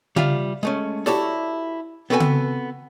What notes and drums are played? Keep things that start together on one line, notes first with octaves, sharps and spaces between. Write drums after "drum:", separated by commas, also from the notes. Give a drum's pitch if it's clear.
G3 F4 E5 F5, drum: tom C#3
G#3 A3 C#4
E4 F#4 G4 A4 C#5 D5, drum: snare
B3 C4 F#4 A4 B4 G#5
drum: tom C#3